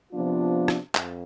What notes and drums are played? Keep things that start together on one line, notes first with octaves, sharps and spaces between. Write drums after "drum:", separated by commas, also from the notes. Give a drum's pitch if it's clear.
C3 F3 B3 D4 F4
drum: rim click
F2, drum: clap